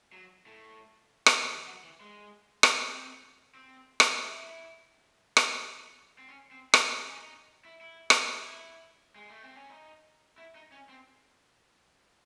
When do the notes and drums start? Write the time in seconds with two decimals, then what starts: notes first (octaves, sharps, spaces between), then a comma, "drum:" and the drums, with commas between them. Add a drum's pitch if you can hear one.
0.12 F#3
0.46 A2
1.26 drum: rim click
1.43 D#3
1.50 E3
1.67 F#3
1.84 E3
2.00 G#3
2.63 drum: rim click
2.85 C4
3.55 C4
4.00 drum: rim click
4.23 E4
5.37 drum: rim click
6.19 C4
6.28 C#4
6.51 C4
6.74 C4, drum: rim click
6.96 D#4
7.07 C#4
7.19 D#4
7.65 E4
7.81 E4
8.10 drum: rim click
8.33 E4
9.16 G#3
9.29 A3
9.42 C4
9.56 C#4
9.70 D#4
10.38 E4
10.55 D#4
10.72 C#4
10.89 C4